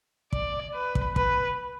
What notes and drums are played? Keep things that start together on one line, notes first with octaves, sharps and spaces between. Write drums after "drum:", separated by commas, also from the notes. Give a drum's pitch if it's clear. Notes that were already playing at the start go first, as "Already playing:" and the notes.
D5, drum: kick
B4
drum: kick
B4, drum: kick